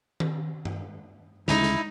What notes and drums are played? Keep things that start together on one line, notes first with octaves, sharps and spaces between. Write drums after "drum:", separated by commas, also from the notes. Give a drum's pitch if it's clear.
drum: tom D#3
drum: tom G2
D2 C#3 G#3 D#4 E4, drum: snare
drum: snare